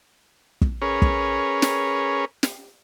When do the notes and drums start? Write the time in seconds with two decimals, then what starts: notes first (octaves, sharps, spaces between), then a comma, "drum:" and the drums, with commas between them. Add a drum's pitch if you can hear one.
0.61 drum: kick
0.82 C#4 G#4 A#4 B4 C#5
1.02 drum: kick
1.62 drum: snare
2.43 drum: snare